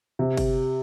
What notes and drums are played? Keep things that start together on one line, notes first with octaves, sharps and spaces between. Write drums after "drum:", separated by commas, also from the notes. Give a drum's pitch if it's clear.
C3
drum: kick G1, cymbal